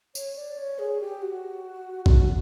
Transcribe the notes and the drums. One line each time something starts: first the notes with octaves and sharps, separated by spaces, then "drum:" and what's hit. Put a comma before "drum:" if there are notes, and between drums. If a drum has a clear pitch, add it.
C#5, drum: tambourine
D5
C#5
G#4
G4
F#4
F#4, drum: kick A1